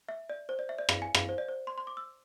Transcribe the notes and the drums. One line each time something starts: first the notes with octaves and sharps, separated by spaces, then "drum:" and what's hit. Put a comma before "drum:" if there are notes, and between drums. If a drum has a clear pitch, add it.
E5
D5
C5
D5
E5
D5
F5, drum: rim click
G#5
F5, drum: rim click
C5
D5
C5
C6
C6
D6
E6